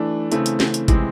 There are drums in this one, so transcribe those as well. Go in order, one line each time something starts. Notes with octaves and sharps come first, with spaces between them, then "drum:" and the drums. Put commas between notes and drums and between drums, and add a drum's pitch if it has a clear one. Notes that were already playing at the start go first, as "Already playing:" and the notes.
Already playing: E3 A3 D4
C#3 E3 A3 C4, drum: hi-hat
drum: hi-hat
drum: snare
drum: hi-hat
C3 E3 G#3 C4, drum: kick, hi-hat